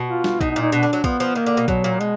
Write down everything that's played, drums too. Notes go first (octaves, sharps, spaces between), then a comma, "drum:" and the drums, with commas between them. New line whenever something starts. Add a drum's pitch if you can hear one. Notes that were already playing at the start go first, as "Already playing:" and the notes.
Already playing: B2
F4
drum: snare
B2 D#4, drum: kick
D#4
A#2
D#4
B2 D4
D3
F#3
F3 B3, drum: kick
F3
D#3 A#3
D3
B2
B2 F#3, drum: kick
A#2
B2 G#3